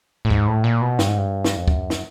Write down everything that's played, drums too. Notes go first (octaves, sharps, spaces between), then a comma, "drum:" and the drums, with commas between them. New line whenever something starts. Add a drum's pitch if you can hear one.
A2
G#2, drum: kick
A2
A#2
B2
G2, drum: snare
G#2
G2
drum: snare
F2
F#2, drum: kick
drum: snare